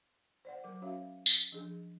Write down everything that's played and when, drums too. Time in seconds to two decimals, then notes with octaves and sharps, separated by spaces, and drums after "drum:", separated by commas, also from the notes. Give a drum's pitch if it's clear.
0.45 C5 D5 F#5
0.64 F#3 A#4 D6
0.82 C#4 F#4 C#5 E5 F5
1.26 drum: tambourine
1.52 F3 D4 G#4